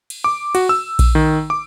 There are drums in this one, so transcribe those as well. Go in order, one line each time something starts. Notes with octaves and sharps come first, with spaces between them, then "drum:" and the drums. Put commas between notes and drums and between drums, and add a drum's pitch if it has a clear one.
drum: cymbal
D6
F#4, drum: cymbal
E6
drum: kick A#1, cymbal
D#3
D6